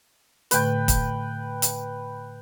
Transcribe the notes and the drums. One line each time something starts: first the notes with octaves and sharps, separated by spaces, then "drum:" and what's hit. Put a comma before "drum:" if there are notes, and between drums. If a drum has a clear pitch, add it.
A2 D3 A3 B4 G5, drum: hi-hat
drum: kick, hi-hat
drum: hi-hat